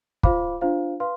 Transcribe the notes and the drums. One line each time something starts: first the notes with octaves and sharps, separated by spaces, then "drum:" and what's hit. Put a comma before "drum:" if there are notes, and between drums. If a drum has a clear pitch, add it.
F4 C5 F5 B5 D6, drum: kick
D4 F4 C5 F5
B4 F5 C6